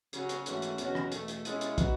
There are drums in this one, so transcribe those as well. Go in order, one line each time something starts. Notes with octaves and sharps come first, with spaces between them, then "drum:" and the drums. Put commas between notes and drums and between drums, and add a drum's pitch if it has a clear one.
C#3 F#3 C#4 F#4, drum: hi-hat
drum: hi-hat
G#2 E3 A3 C#4 F#4, drum: hi-hat
drum: hi-hat
E2 B2 F#3 C#4 F#4, drum: hi-hat
drum: rim click
E2 B2 A3, drum: hi-hat
drum: hi-hat
B2 G#3 C#4 E4, drum: hi-hat
drum: hi-hat
E3 B3 D#4 F#4, drum: kick, hi-hat